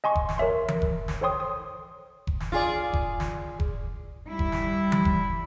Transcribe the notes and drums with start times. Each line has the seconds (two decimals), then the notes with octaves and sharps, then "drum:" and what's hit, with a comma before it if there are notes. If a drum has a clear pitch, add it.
0.04 D#5 G#5 C6 C#6
0.15 drum: kick F1
0.29 drum: snare
0.38 A#4 C#5 E5 C6
0.68 drum: tom E3
0.82 drum: kick F1
1.08 drum: snare
1.21 A4 C5 C#5 G5 C6 D#6
1.40 D#6
2.27 drum: kick F1
2.40 drum: snare
2.52 F4 G#4 D5
2.93 drum: kick F1
3.20 drum: snare
3.60 drum: kick F1
4.29 G3 E4
4.39 drum: kick F1
4.52 drum: snare
4.92 drum: tom E3
5.05 drum: kick F1